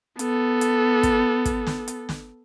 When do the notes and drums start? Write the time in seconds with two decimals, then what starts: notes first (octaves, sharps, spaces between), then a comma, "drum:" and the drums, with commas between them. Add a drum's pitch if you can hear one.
0.19 B3 A4, drum: hi-hat
0.61 drum: hi-hat
1.03 drum: kick, hi-hat
1.45 drum: kick, hi-hat
1.67 drum: snare
1.88 drum: hi-hat
2.09 drum: snare